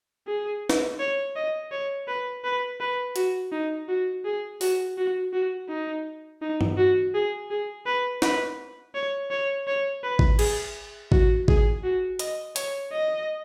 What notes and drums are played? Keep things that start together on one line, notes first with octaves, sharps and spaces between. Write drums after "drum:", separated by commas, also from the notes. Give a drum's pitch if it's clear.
G#4
drum: snare
C#5
D#5
C#5
B4
B4
B4
F#4, drum: hi-hat
D#4
F#4
G#4
F#4, drum: open hi-hat
F#4
F#4
D#4
D#4
drum: tom G2
F#4
G#4
G#4
B4
B4, drum: snare
C#5
C#5
C#5
B4
drum: kick
G#4, drum: cymbal
F#4, drum: kick
G#4, drum: kick
F#4
D#5, drum: hi-hat
C#5, drum: hi-hat
D#5